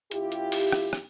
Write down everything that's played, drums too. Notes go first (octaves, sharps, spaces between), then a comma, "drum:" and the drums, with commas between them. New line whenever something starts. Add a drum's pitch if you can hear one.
F#2 E4 F4 G4, drum: hi-hat
drum: hi-hat
drum: open hi-hat
drum: rim click
drum: rim click